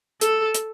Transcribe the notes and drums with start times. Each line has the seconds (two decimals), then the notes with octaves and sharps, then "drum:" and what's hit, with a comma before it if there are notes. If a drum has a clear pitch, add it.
0.21 A4, drum: hi-hat
0.54 drum: hi-hat